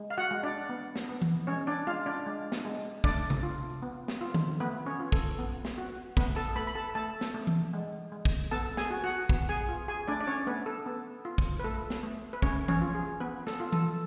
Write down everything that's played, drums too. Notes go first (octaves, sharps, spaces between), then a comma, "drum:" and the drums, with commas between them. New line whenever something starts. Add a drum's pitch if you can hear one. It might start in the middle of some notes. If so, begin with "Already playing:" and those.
Already playing: G#3
F5
F#4 F#5
G#3
D4 D5
B3
drum: snare
B3
drum: tom E3
G#3 C#4 C#5
D4 D5
G#3 F4 F5
D4 D5
G#3
drum: snare
G#3
A3 D4 D5, drum: kick
drum: tom C3
F4
B3
drum: snare
F4
drum: tom D#3
A3 B3 B4
C#4 C#5
F4
A4, drum: kick
B3
drum: snare
F#4
A3 B3 B4, drum: kick
A4 A5
A3 B4 B5
B5
A4 A5
A3 A4 A5
drum: snare
A3
drum: tom E3
G#3
G#3
drum: kick
B3 A4 A5
G#4 G#5, drum: snare
F#4
F#4 F#5
B3, drum: kick
G#4 G#5
F4
G#4 G#5
A3 D4 D5
D5
C#4 C#5
A3 B3 B4
A4
B3
F4
drum: kick
B4
A3 A4
drum: snare
A3
B4
A3 C#4 C#5, drum: kick
C#4 C#5, drum: tom E3
F4
G#4
B3 B4
A4, drum: snare
F4
A4, drum: tom E3